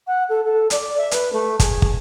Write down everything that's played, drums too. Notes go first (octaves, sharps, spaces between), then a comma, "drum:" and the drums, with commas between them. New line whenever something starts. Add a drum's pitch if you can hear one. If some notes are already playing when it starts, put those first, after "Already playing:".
F#5
A4
A4
D5, drum: hi-hat
E5
B4, drum: hi-hat
A3
G#4, drum: kick, hi-hat
drum: kick